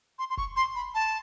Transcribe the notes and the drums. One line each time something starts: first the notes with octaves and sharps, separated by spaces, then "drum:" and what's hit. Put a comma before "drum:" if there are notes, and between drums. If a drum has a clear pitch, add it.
C6
C6
C#6, drum: kick F1
C6
B5
A5